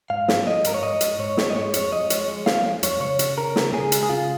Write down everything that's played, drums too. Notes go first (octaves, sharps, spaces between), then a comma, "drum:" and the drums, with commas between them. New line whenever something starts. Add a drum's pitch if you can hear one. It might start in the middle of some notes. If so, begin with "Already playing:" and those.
G#2 F5
F3, drum: snare
F3 D#5
G#2 A#4, drum: hi-hat
C#5
G#2 D#5
G#2, drum: hi-hat
G#2 C#5
G#2, drum: snare
D#5
G#3 C#5
F2 C#5, drum: hi-hat
F3 D#5
G#3 C#5, drum: hi-hat
G#3
G#3 F5, drum: snare
F3
F2 C#5, drum: hi-hat
C#3 C#5
C#3, drum: hi-hat
C#3 A#4
C#3, drum: snare
C#3 G#4
G#3, drum: hi-hat
G#4
C#3 F4